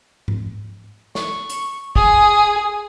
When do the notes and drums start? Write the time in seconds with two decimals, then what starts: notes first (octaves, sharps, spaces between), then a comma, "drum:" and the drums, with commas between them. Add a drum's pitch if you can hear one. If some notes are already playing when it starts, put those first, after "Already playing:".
0.28 drum: tom G#2
1.15 C#6, drum: snare
1.49 drum: hi-hat
1.96 G#4 D#6, drum: kick